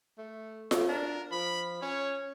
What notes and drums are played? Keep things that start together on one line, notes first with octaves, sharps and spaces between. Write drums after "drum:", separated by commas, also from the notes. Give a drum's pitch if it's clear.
A3
drum: snare F4
D4 A#4
F3 B5
C#4 C#5